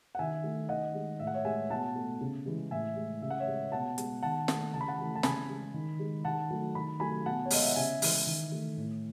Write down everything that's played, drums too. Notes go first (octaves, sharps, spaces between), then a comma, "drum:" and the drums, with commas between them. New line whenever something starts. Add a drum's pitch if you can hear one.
F#5
D#3 E5 G#5
A3
D#3 D#5 F#5
G#3
A2 E5
F#5
C#5 E5
G#3 E5 G#5
B2 F#5 A5
A3
C#3
E3 G#3
A2 E5 G#5
G#3
C#3 E5
F#5
C#5 E5
G#3
B2 F#5 A5
G#3, drum: hi-hat
D#3 F#5 A5
A3, drum: snare
C#3 A5
B5
F#5 A5
E3 A3
A5
C#3 G#5 B5, drum: snare
G#3
D#3
G#3
D#3 F#5 A5
F#3 A3
D#3 B5
F#3 A3 G#5 B5
B2 F#5 A5
C#5
G#3 D#5, drum: open hi-hat
E5
F#5
C#3 E5 G#5
E3 G#3, drum: open hi-hat
D#3
A3
A2